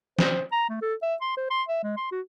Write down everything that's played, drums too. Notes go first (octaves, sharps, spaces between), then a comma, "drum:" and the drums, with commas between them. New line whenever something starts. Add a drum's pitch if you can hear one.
C5, drum: snare
A#5
A3
A4
E5
C6
C5
C6
E5
G#3
C6
F#4